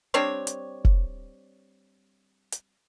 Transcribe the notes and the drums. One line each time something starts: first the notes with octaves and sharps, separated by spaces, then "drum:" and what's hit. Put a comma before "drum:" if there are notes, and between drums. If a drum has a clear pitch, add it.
G3 C4 D4 C#5
drum: hi-hat
drum: kick
drum: hi-hat